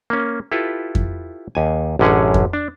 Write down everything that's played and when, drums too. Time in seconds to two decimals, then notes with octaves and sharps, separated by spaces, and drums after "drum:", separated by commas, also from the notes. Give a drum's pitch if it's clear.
0.10 A#3 C#4
0.52 E4 F4 G4 A4 B4
0.95 drum: kick F2
1.55 D#2 G#5
1.99 A1 F#2 D3 C#4 G#4 F#5
2.34 drum: kick F2
2.53 D4